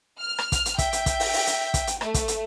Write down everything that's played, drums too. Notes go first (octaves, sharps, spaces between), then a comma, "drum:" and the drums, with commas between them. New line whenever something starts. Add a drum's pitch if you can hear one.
F6
drum: rim click
drum: kick, hi-hat
drum: hi-hat
E5 G5, drum: kick, hi-hat
drum: hi-hat
drum: kick, hi-hat
drum: open hi-hat
drum: open hi-hat
drum: hi-hat
drum: kick, hi-hat
drum: hi-hat
A3, drum: rim click
drum: kick, hi-hat
drum: hi-hat